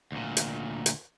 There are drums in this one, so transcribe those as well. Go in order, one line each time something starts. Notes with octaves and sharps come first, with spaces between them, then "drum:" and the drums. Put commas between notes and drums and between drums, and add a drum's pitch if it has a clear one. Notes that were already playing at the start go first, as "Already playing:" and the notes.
D2 A#2
drum: hi-hat
drum: hi-hat